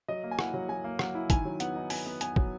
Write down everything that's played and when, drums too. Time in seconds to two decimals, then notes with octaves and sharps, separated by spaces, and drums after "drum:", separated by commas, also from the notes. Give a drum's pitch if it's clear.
0.08 F#3 D#5
0.24 A#3
0.31 G#5
0.39 E4 F#5, drum: rim click
0.54 F#3
0.69 F#3 G#5
0.84 A#3
0.99 F#3 F#5, drum: rim click
1.15 E4
1.30 D#3 G#5, drum: kick, hi-hat
1.45 F#3
1.60 B3 F#5, drum: hi-hat
1.75 D#4
1.90 B3 G#5, drum: open hi-hat
2.06 B3
2.21 B3 G#5, drum: hi-hat
2.36 F#3, drum: kick